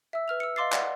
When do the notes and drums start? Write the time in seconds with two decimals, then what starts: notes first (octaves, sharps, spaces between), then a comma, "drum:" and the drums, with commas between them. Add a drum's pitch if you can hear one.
0.13 E5 E6
0.28 B4 F6 F7
0.40 E6 C#7
0.56 D#5 F5 C6 D6 A6 C7
0.72 D5 F#5, drum: clap